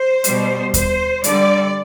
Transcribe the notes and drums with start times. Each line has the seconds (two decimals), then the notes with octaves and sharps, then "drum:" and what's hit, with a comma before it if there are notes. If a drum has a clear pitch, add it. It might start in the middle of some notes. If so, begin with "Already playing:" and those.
Already playing: C5
0.24 B2 G3, drum: hi-hat
0.74 C5, drum: kick D#2, hi-hat
1.24 D3 G3 D5, drum: hi-hat